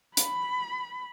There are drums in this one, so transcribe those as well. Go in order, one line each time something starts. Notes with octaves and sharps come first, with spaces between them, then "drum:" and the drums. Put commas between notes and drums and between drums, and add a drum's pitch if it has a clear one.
B5, drum: hi-hat